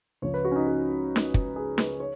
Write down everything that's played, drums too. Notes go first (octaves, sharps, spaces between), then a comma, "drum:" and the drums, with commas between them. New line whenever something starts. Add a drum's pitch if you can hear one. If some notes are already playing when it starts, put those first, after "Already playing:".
C#2 C#3 F3 C#5
B4
F#4
C#4
D#4
F#4
drum: snare
drum: kick
G#4
B4, drum: snare
C#5